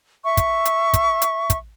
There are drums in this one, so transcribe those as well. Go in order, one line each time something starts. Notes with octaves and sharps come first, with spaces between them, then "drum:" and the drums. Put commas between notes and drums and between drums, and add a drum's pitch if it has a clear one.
E5 C#6
drum: kick, hi-hat
drum: hi-hat
drum: kick, hi-hat
drum: hi-hat
drum: kick, hi-hat